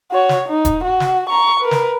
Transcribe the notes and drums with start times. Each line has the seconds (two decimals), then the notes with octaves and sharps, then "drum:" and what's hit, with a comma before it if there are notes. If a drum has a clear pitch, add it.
0.11 F#4 C#5
0.29 drum: snare
0.48 D#4
0.65 drum: kick D#1, hi-hat
0.84 F#4
1.00 drum: snare
1.29 A#5 C#6
1.60 A#4 B4
1.71 drum: snare